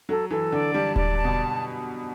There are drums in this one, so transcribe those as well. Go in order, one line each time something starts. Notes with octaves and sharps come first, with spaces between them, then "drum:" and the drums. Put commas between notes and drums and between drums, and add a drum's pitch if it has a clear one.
F#3 A4
E3 A4
D3 D5
G3 A5
G3 D5, drum: kick D#1
A5
B2